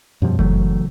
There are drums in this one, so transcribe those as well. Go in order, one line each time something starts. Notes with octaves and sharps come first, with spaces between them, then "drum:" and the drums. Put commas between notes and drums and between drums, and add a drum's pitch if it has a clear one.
F#2 B2 F3 G3
C#3 E3 F#3 A3, drum: kick F#1